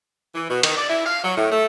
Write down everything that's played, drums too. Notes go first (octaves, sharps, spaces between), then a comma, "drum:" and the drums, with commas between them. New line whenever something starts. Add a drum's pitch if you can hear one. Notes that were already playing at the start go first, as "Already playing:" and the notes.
E3
B2
D#3, drum: cymbal
D5
E4
F5
F#3
A2
A3